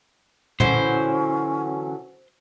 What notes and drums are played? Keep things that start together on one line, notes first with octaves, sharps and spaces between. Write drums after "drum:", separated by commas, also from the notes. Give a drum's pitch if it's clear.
D3 E3 F#3 C#4 C5, drum: tom A#2